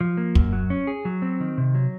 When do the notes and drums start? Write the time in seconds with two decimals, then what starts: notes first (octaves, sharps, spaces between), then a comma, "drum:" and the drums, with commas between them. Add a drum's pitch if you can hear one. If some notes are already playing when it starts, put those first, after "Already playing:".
0.01 F3
0.17 A#3
0.35 F#2, drum: kick
0.53 F#3
0.70 C#4
0.87 G#4
1.05 F#3
1.22 C4
1.40 D#3
1.58 C3
1.75 F#3